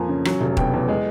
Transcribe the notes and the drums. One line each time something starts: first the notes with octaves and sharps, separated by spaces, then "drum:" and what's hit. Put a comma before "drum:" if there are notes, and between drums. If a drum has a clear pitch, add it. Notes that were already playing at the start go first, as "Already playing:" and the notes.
Already playing: F2 F3 A#3 G#5 A#5
C#3
F#3, drum: rim click
F1
B2 G5, drum: kick D#1
E2
G#3